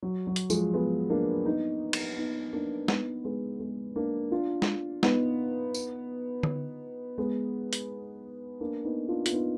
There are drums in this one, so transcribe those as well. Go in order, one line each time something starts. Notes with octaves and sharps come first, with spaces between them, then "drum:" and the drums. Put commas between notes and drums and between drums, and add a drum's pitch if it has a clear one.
F#3
F#3
drum: hi-hat
F3 G#3, drum: tambourine
G#3 B3
A#3 D4
B3 D#4
drum: cymbal
B3 D#4
A#3 D4
B3 D#4, drum: snare G#3
G#3 B3
G#3 B3
A#3 D4
D4 F4
drum: snare G#3
B3 D#4, drum: snare G#3
drum: tambourine
drum: tom D3
G#3 B3
drum: hi-hat
A#3 D4
B3 D#4
D4 F4
F4, drum: hi-hat
B3 D#4